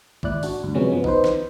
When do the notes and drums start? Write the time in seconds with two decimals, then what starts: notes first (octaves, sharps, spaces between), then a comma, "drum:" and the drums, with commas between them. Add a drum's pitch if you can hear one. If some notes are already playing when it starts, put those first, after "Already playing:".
0.23 D#2 G#2 E4 D5 F#6, drum: kick B1
0.43 D4 F#4, drum: open hi-hat
0.63 D2 G2
0.74 C3 F3 F#3 G#3 B3 C#4
0.92 G2 F3 B3
1.04 D#4 B4 C5, drum: kick B1
1.24 drum: snare